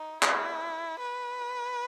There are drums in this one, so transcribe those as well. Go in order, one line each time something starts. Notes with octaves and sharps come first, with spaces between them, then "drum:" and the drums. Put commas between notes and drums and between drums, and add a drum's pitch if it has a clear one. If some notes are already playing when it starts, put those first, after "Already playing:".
Already playing: D#4
E4, drum: clap
B4